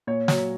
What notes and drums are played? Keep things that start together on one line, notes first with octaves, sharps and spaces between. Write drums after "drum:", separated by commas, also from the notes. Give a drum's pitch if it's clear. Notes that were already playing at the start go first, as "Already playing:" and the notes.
A#2 C#5
F#3, drum: snare